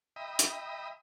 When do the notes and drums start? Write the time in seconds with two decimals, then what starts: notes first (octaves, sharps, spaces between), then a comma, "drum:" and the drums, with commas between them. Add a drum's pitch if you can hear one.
0.16 D#5 E5 G5 A#5 B5 D#6
0.39 drum: hi-hat